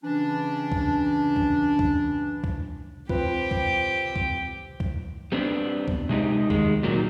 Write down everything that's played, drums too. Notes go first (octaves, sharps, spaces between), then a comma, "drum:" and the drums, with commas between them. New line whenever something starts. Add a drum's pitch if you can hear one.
C#3 E3 C#4 D4
drum: kick C2
drum: kick C2
drum: kick C2
drum: kick C2
C4 F4 G4 B4, drum: kick C2
drum: kick C2
drum: kick C2
drum: kick C2
G3 B3 C4 D4
drum: kick C2
C3 G#3 D#4 G4
D#3 G#3, drum: kick C2
A#2 D#3 F#3